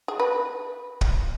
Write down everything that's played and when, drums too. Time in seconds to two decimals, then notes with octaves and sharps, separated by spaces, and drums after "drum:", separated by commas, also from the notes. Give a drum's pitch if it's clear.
0.08 G#4
0.20 B4
1.01 drum: kick